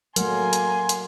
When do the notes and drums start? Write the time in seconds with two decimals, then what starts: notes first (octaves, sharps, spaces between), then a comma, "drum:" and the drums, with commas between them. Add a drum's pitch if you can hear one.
0.16 F#3 A3 A#3 A#4 F#5 G#5 C6, drum: hi-hat
0.53 drum: hi-hat
0.89 drum: hi-hat